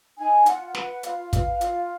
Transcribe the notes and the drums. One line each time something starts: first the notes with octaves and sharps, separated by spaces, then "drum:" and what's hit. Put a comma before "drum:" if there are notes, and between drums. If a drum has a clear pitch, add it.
D#4 G#5
F4 F#5, drum: hi-hat
B4 F#5, drum: snare
F4 F5, drum: hi-hat
B4, drum: kick, hi-hat
F4, drum: hi-hat